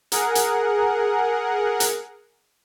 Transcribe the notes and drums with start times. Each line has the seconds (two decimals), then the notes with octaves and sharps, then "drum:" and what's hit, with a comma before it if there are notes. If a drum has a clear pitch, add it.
0.12 G#4 A#4 F#5, drum: hi-hat
0.35 drum: hi-hat
1.80 drum: hi-hat